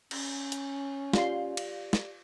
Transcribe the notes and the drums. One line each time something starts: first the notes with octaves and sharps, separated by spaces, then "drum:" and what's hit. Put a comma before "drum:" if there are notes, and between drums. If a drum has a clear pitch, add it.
C#4, drum: cymbal
drum: hi-hat
F4 G4 D5 F5 C6, drum: snare
drum: cymbal
drum: snare